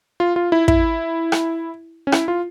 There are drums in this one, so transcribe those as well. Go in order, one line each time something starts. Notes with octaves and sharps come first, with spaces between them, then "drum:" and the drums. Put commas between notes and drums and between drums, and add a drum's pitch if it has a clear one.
F4
F4
E4
E4, drum: kick
drum: rim click
C#4
E4, drum: rim click
F4